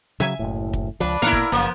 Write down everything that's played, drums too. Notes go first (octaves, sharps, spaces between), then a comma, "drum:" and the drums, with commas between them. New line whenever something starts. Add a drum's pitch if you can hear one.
C#3 F#3 E5 G#5
F#1 A2
drum: kick
C#2 F3 D4 B4
A2 A#3 B3 E4 A#4 F5 F#5
drum: kick
F#1 F3 A#3 B3